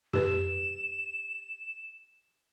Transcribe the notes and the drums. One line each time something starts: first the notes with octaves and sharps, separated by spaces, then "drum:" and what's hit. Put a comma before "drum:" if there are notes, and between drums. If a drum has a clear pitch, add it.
G4 B4 E7, drum: tom